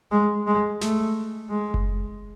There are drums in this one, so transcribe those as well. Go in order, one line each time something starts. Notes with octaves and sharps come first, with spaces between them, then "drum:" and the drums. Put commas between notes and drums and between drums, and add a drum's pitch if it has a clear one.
G#3
G#3
A3, drum: snare
G#3
drum: kick F#1